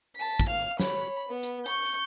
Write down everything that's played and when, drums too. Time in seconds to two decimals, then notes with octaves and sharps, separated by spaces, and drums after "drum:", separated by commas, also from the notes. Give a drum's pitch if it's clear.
0.17 A5 B6
0.39 drum: kick
0.49 F5 F6
0.80 C#5 B5, drum: snare
1.29 B3
1.43 drum: hi-hat
1.66 C#6 G6, drum: hi-hat
1.85 drum: tambourine